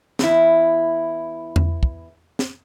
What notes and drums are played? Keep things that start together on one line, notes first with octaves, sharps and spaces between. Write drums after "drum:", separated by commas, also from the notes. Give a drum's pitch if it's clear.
E2 E4, drum: snare
drum: tom E2
drum: kick
drum: snare